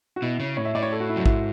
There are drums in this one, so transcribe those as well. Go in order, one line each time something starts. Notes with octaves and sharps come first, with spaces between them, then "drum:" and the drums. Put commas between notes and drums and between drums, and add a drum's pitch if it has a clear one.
F#4
B2 E4
C#3
A2 C#5
E5
A2 D5
C#5
A4
F#4
E4
F#2 F#4
G#2 E4, drum: kick A1